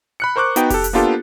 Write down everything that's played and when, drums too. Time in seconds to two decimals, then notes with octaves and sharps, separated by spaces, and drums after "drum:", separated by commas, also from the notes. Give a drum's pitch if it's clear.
0.20 B5 F#6 C#7
0.36 A#4 C5 C#6 D6 F#6
0.56 B3 D#4 F#4 G5, drum: hi-hat
0.70 G4 A4, drum: kick F1, open hi-hat
0.84 drum: hi-hat
0.93 A#3 B3 D4 F4 G4 A4